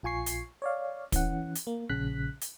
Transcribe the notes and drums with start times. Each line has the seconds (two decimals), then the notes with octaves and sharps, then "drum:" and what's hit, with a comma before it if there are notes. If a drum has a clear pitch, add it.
0.03 A#1 F4 G#5 C#6 C7
0.26 drum: hi-hat
0.62 C#5 D5 F5
1.12 E3 C#4 F#5, drum: kick, hi-hat
1.55 drum: hi-hat
1.67 A#3
1.89 A#1 C#3 F#6 B6
2.41 drum: hi-hat